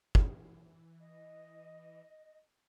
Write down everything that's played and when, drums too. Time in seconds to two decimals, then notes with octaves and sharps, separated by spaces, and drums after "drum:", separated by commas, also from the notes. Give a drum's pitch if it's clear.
0.15 E3, drum: kick
1.00 D#5